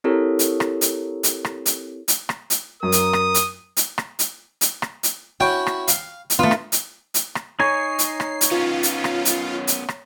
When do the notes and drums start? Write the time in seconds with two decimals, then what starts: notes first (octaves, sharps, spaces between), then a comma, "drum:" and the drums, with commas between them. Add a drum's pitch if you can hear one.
0.04 C4 E4 G4 A4 A#4 C#5
0.39 drum: hi-hat
0.60 drum: rim click
0.81 drum: hi-hat
1.23 drum: hi-hat
1.45 drum: rim click
1.66 drum: hi-hat
2.08 drum: hi-hat
2.29 drum: rim click
2.50 drum: hi-hat
2.83 F#2 A#4 D#6
2.92 drum: hi-hat
3.13 drum: rim click
3.34 drum: hi-hat
3.77 drum: hi-hat
3.98 drum: rim click
4.19 drum: hi-hat
4.61 drum: hi-hat
4.82 drum: rim click
5.03 drum: hi-hat
5.40 C#4 E4 F#4 G5
5.67 drum: rim click
5.88 F5, drum: hi-hat
6.30 drum: hi-hat
6.39 A3 B3 F4
6.51 drum: rim click
6.72 drum: hi-hat
7.14 drum: hi-hat
7.35 drum: rim click
7.60 D#4 C#5 G#5 C7
7.99 drum: hi-hat
8.20 drum: rim click
8.41 drum: hi-hat
8.51 B3 C#4 F4
8.83 drum: hi-hat
9.04 drum: rim click
9.25 drum: hi-hat
9.67 drum: hi-hat
9.89 drum: rim click